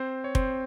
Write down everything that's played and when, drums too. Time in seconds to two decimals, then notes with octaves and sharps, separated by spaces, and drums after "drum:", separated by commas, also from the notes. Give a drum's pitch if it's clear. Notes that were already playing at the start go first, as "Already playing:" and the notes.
Already playing: C4 C5
0.24 C#5
0.35 C4 C5, drum: kick